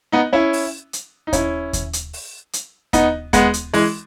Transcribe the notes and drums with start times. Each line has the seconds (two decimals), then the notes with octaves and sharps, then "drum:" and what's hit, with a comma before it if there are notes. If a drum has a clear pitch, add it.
0.12 B3 D#4
0.33 C#4 E4
0.53 drum: open hi-hat
0.93 drum: hi-hat
1.27 D#4
1.33 C#4 E4, drum: kick D#2, hi-hat
1.73 drum: kick D#2, hi-hat
1.93 drum: hi-hat
2.13 drum: open hi-hat
2.53 drum: hi-hat
2.93 B3 D#4, drum: kick D#2, hi-hat
3.33 G#3 B3, drum: kick D#2, hi-hat
3.54 drum: hi-hat
3.74 E3 G#3, drum: open hi-hat